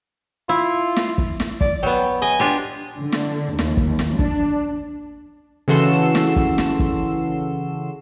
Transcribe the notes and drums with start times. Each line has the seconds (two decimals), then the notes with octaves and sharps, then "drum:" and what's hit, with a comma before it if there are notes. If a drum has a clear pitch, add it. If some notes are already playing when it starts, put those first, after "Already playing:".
0.49 E4 F4
0.97 drum: snare
1.18 drum: kick
1.40 drum: snare
1.61 D5, drum: kick
1.83 F#3 B3 G5
2.22 D#5 G#5
2.40 D4 F4 G4
3.00 D3
3.12 drum: snare
3.59 D#2, drum: snare
3.77 drum: kick
3.99 drum: snare
4.19 D4, drum: kick
5.68 C#3 E3 F#4 A4 C6 E6
6.15 drum: snare
6.36 drum: kick
6.58 drum: snare
6.80 drum: kick